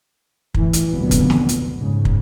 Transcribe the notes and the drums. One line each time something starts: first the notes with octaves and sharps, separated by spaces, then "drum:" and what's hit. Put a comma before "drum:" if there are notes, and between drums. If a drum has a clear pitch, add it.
A2 E3, drum: kick
drum: hi-hat
F1 C#2 A#2 D3 F#3 B3
drum: kick, hi-hat
drum: snare
drum: hi-hat
G#2 C#3
drum: kick